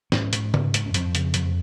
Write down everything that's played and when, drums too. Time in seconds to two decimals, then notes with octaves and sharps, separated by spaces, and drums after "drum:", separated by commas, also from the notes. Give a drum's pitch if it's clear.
0.12 G#2 C#4, drum: snare
0.33 G#2, drum: hi-hat
0.54 G#2, drum: tom C#3
0.74 G#2, drum: hi-hat
0.86 C#4
0.94 F2 C4, drum: hi-hat
1.15 C#3, drum: hi-hat
1.34 F2, drum: hi-hat